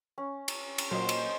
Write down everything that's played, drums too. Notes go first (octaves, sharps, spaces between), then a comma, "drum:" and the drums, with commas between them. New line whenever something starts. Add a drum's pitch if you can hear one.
C#4
drum: cymbal
drum: cymbal
A#2 F#3 A#4 C5 D#5 C#6
drum: cymbal